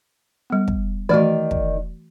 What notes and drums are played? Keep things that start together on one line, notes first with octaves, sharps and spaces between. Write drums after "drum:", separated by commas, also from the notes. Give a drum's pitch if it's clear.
G3 B3
drum: kick
D#3 E3 A3 F#4 D5
drum: kick